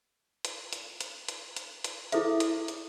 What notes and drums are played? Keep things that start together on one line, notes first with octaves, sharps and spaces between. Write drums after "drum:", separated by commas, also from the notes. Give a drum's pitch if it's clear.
drum: hi-hat
drum: hi-hat
drum: hi-hat
drum: hi-hat
drum: hi-hat
drum: hi-hat
E4 G#4 A4 C5 E5, drum: hi-hat
drum: hi-hat
drum: hi-hat